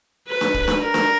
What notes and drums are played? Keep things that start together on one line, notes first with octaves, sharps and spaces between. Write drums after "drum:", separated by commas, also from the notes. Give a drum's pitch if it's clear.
B4
drum: snare D4
drum: kick
drum: snare D4
A#4
drum: snare D4